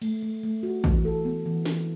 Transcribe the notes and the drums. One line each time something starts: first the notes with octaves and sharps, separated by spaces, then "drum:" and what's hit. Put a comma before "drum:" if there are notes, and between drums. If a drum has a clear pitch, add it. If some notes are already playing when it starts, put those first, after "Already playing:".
A3, drum: cymbal
A3
A3
F#4
E3, drum: kick
A4
B3
E3
E3, drum: snare